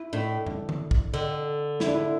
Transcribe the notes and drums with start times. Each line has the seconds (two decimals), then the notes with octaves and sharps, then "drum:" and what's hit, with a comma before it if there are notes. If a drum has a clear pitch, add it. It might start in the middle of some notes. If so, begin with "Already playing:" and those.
Already playing: E4
0.13 A2 D4
0.47 drum: tom
0.69 drum: tom D3
0.91 drum: kick
1.14 D3
1.80 E4, drum: snare
1.87 D4
1.95 E4